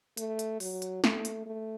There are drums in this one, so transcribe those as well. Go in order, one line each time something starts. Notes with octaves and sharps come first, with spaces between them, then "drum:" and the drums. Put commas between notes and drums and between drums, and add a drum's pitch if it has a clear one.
A3, drum: hi-hat
drum: hi-hat
F#3, drum: open hi-hat
drum: hi-hat
A3, drum: snare
drum: hi-hat
A3